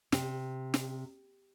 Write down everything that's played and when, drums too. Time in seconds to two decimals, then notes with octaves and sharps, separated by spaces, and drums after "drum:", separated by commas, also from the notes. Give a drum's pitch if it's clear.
0.12 C3, drum: snare
0.74 drum: snare